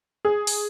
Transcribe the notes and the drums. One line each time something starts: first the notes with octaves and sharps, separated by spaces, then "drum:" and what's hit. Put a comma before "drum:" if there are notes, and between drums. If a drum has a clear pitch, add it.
G#4
drum: open hi-hat